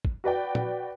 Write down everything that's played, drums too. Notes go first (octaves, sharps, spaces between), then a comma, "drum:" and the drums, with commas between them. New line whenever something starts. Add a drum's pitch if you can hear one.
drum: kick
F#4 B4 D5 G5
drum: tom A#2